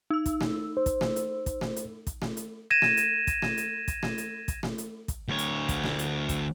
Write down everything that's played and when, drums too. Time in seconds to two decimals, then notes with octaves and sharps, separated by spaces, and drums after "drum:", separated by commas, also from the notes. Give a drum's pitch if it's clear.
0.10 D#4 E6
0.26 drum: kick, hi-hat
0.41 drum: snare A3
0.77 C5
0.86 drum: kick, hi-hat
1.01 drum: snare A3
1.16 drum: hi-hat
1.46 drum: kick, hi-hat
1.61 drum: snare A3
1.76 drum: hi-hat
2.07 drum: kick, hi-hat
2.22 drum: snare A3
2.37 drum: hi-hat
2.70 G#6 A#6 D#7 E7
2.82 drum: snare A3
2.97 drum: hi-hat
3.27 drum: kick, hi-hat
3.42 drum: snare A3
3.57 drum: hi-hat
3.88 drum: kick, hi-hat
4.03 drum: snare A3
4.18 drum: hi-hat
4.48 drum: kick, hi-hat
4.63 drum: snare A3
4.78 drum: hi-hat
5.08 drum: kick, hi-hat
5.28 D2 C#5
5.38 drum: hi-hat
5.69 drum: kick, hi-hat
5.84 drum: snare A3
5.99 drum: hi-hat
6.29 drum: kick, hi-hat